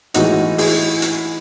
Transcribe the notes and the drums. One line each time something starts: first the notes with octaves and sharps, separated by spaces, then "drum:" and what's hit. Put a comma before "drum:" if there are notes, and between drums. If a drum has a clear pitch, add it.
A2 E3 G#3 D#4 F#4, drum: hi-hat
E4 G#4, drum: open hi-hat
drum: hi-hat